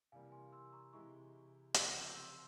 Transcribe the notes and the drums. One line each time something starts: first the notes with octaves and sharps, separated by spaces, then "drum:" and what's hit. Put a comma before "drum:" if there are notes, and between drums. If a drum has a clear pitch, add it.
C3 E3 G3 A#3 F5 G#5
G#5 C6
C6 E6
E6
A#5 C#6
C3 E3 G#3 E4 A#5 C#6
C#3 F3 C4 G4 A#4 A#5 C#6, drum: hi-hat
E6 G6
C6 E6